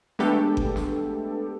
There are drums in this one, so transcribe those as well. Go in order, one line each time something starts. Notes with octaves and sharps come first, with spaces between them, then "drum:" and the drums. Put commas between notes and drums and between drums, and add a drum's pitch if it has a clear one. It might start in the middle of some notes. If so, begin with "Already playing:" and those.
G#3 A3 B3 D4 G4 A4, drum: snare
drum: kick G1
drum: snare